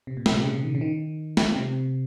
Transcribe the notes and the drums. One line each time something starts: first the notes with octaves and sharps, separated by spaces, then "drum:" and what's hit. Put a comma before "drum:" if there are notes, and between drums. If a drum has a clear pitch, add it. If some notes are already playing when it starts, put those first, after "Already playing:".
C3
A#2
C3, drum: snare
A#2
C#3
D#3
C#3
D#3
drum: snare
C3